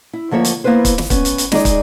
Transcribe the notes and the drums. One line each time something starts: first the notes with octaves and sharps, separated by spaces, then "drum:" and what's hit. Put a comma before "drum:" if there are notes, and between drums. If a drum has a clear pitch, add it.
E4
D2 F3 A#3 C#5 E5
drum: hi-hat
A#3 B3 E4 B4 C5
drum: kick, hi-hat
drum: snare
B3 C#4, drum: kick, hi-hat
drum: hi-hat
drum: hi-hat
G#3 D#4 G#4 D5, drum: snare
drum: kick, hi-hat